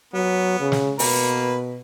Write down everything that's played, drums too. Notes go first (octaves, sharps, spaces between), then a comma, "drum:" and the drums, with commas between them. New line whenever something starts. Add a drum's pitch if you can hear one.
F#3 B3
C#3
drum: snare
B2 A#3 B4, drum: open hi-hat